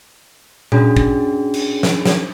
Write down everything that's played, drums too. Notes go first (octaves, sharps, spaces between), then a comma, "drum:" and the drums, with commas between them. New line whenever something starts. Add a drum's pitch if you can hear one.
C#4 D4 F#4 G#4, drum: tom A#2
drum: kick
drum: cymbal
drum: snare
drum: snare